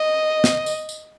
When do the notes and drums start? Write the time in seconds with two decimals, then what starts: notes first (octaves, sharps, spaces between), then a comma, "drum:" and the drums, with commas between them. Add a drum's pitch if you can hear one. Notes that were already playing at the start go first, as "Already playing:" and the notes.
Already playing: D#5
0.44 drum: snare
0.66 drum: tambourine
0.89 drum: tambourine